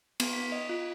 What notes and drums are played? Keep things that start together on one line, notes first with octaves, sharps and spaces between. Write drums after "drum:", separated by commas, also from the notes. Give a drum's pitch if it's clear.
B3, drum: cymbal
B6
D#5
F4